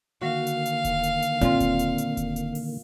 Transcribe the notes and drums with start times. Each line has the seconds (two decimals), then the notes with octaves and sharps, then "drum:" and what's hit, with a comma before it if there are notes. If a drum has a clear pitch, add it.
0.22 D3 D#3 A#3 F#4 F5
0.47 drum: hi-hat
0.66 drum: hi-hat
0.84 drum: kick E1, hi-hat
1.03 drum: hi-hat
1.22 drum: hi-hat
1.41 A#2 C4 F4, drum: hi-hat
1.60 drum: kick E1, hi-hat
1.79 drum: hi-hat
1.98 drum: hi-hat
2.17 drum: kick E1, hi-hat
2.36 drum: hi-hat
2.55 drum: open hi-hat